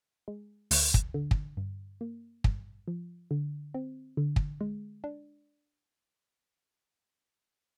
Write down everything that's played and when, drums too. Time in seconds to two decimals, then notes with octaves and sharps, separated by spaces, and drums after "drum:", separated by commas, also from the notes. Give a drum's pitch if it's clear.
0.28 G#3
0.71 D2, drum: open hi-hat
0.94 drum: kick
1.14 D3
1.31 drum: kick
1.57 G2
2.01 A#3
2.44 G2, drum: kick
2.88 F3
3.31 D3
3.74 C4
4.17 D3
4.36 drum: kick
4.61 G#3
5.04 D4